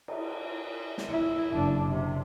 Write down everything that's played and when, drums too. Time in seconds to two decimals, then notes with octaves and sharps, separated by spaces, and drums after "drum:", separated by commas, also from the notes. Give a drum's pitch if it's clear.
0.08 drum: cymbal
0.98 drum: snare
1.10 E4
1.52 F#1 D4
1.90 C3